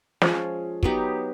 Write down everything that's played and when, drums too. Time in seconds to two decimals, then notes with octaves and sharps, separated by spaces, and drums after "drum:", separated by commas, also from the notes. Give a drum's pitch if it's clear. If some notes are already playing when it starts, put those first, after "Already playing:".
0.22 F3 G#3 C#4, drum: snare
0.83 F#3 B3 D#4 G4, drum: kick